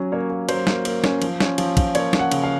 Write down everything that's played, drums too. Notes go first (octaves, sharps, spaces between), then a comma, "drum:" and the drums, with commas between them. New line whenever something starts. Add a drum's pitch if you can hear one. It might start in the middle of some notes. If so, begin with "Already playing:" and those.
Already playing: F#3 C#4
A#3 C#5
A#3
F#3 C5, drum: cymbal
A#3, drum: snare
A#3, drum: cymbal
C#4, drum: snare
F3, drum: cymbal
C#4, drum: snare
F3, drum: cymbal
F3, drum: kick, cymbal
A#3 C#5, drum: cymbal
C#4, drum: snare
F#5
C#3, drum: cymbal
F5